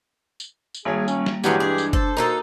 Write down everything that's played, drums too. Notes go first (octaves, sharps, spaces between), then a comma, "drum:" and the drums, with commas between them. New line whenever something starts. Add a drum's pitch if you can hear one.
drum: tambourine
drum: tambourine
G#1 G3 A#3 G#4 C#5 G#5
C#4, drum: tambourine
drum: snare
G2 E3 F#3 G#3 C#4 G4 G#4, drum: tambourine
D4 G#4
drum: tambourine
A4 C5, drum: kick F#1
A#3 D#4 E4 F#4 A4 A#5